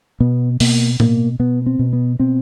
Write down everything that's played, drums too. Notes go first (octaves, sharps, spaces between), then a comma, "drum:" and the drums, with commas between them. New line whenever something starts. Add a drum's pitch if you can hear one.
B2 B3
B2 A#3, drum: open hi-hat
B2 A#3, drum: tom A2
B2 B3
C4
B2
B3
B2 C4